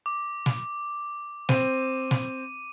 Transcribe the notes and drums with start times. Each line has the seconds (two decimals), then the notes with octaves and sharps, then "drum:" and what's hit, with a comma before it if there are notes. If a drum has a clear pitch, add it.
0.06 D6
0.46 drum: snare
1.49 C4 D#7, drum: snare
2.11 drum: snare